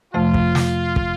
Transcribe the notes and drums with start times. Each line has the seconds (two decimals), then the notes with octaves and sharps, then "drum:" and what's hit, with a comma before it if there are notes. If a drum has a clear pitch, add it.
0.14 F2 C3 F3 A3 F4
0.34 drum: kick
0.55 drum: snare
0.96 drum: kick